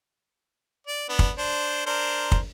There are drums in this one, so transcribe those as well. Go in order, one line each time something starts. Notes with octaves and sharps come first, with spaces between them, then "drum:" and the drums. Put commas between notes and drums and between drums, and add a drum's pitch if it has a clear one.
D5
B3 D4
drum: kick
D4 C5
D4 A#4 C5
drum: kick